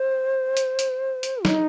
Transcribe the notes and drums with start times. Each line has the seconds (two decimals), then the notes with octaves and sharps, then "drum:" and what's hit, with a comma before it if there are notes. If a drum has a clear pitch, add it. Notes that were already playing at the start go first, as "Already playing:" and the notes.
Already playing: C5
0.57 drum: hi-hat
0.79 drum: hi-hat
1.23 drum: hi-hat
1.45 D#4, drum: snare